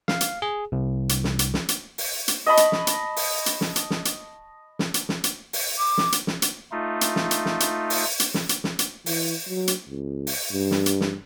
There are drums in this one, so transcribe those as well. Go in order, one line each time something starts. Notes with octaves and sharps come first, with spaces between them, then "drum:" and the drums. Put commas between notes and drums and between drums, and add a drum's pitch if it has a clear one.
F5, drum: snare
drum: hi-hat
G#4
C2
drum: hi-hat
drum: snare
drum: hi-hat
drum: snare
drum: hi-hat
drum: open hi-hat
drum: hi-hat
D#5 A5 B5 C#6
drum: hi-hat
drum: snare
drum: hi-hat
drum: open hi-hat
drum: hi-hat
drum: snare
drum: hi-hat
drum: snare
drum: hi-hat
drum: snare
drum: hi-hat
drum: snare
drum: hi-hat
drum: open hi-hat
D6
drum: snare
drum: hi-hat
drum: snare
drum: hi-hat
A3 D#4 F4
drum: hi-hat
drum: snare
drum: hi-hat
drum: snare
drum: hi-hat
drum: open hi-hat
drum: hi-hat
drum: snare
drum: hi-hat
drum: snare
drum: hi-hat
E3, drum: open hi-hat
F#3
drum: hi-hat
C#2
drum: open hi-hat
G2
drum: snare
drum: hi-hat
drum: snare